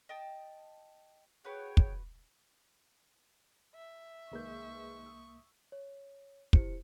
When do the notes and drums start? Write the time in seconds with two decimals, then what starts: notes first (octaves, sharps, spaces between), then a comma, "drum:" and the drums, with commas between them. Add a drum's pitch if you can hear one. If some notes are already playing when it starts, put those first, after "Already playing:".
0.09 D#5 G5 A5
1.45 F#4 G#4 B4 C#5 G5
1.77 drum: kick
3.75 E5
4.31 C2 D#3 G#3 A#3 B4 C#6 G6
5.06 D#6 E6
5.72 C#5
6.53 E4 G4 C5 C#7, drum: kick